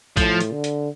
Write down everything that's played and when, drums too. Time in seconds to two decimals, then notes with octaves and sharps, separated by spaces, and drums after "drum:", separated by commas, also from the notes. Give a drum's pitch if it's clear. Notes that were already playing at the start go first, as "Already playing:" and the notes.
0.17 A2 F3, drum: kick, hi-hat
0.40 drum: hi-hat
0.52 D3
0.64 drum: hi-hat